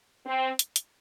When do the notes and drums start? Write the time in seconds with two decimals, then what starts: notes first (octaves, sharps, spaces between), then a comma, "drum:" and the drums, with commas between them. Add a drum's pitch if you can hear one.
0.26 C4
0.59 drum: hi-hat
0.76 drum: hi-hat